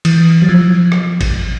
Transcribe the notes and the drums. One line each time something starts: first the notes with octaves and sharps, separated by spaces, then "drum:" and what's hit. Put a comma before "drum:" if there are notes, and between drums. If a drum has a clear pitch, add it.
E3, drum: cymbal
F#3
F3
drum: rim click
drum: kick G#1, cymbal